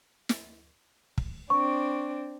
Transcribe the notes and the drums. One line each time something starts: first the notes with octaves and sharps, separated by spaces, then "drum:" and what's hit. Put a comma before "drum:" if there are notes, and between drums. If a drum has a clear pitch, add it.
drum: snare
drum: kick
C4 D4 C#6